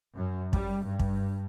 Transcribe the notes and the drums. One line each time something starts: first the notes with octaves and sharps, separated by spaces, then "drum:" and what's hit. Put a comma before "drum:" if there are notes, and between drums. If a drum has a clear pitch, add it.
F#2
G3, drum: kick
G2
drum: kick